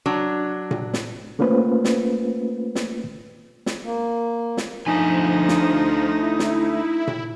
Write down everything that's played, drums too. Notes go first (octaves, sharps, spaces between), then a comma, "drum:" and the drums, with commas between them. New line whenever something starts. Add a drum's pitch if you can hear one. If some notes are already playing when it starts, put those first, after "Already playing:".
F#3 D4
drum: tom A#2
drum: snare
A3 A#3 C#4 F4 B4 C5
drum: snare
drum: snare
drum: snare
A#3
drum: snare
F3 A3 D4 D#4 G#5
drum: snare
E4
drum: snare
drum: tom A#2